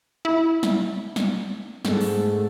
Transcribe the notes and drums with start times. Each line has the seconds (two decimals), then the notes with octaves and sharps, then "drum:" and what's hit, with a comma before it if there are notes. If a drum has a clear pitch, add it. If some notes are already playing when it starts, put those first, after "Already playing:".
0.25 E4
0.63 drum: snare
1.16 drum: snare
1.85 G#2 A3, drum: snare
2.01 drum: open hi-hat